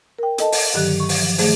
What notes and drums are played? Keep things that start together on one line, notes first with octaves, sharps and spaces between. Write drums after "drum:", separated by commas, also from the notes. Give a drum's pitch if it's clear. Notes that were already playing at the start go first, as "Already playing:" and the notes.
A#4 G5
A4 D#5 A5, drum: hi-hat
drum: open hi-hat
G2 D3 D#3 F#3 G4 F#6
C#6
drum: open hi-hat
F3
D#3 A3 G#4 C5, drum: open hi-hat